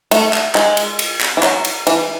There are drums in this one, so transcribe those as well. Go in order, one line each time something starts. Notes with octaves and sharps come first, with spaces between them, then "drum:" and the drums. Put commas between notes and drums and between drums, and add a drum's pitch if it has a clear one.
A3, drum: cymbal
drum: clap
G#3, drum: clap
drum: cymbal
drum: cymbal
drum: clap
E3
F#3, drum: clap
drum: cymbal
E3, drum: cymbal